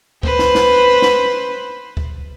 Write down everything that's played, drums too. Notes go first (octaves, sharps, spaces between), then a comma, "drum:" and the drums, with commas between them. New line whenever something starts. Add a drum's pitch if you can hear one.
B4 C5, drum: kick
drum: snare
drum: snare
drum: snare
drum: kick